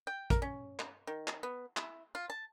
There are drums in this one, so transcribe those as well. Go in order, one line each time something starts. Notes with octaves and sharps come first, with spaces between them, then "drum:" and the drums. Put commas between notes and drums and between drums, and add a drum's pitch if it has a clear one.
G5
A#4, drum: kick, hi-hat
C#4
drum: clap
D#3
drum: clap
B3
E4, drum: clap
F4
A5